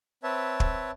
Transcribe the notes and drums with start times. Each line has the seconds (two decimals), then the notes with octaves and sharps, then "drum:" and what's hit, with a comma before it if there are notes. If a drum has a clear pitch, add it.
0.23 C4 B4 C#5 E5 A5
0.60 drum: kick